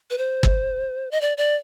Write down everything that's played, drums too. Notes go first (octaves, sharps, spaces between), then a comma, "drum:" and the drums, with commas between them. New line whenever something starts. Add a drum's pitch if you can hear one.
B4
C5
drum: kick G1
D#5
D5
D5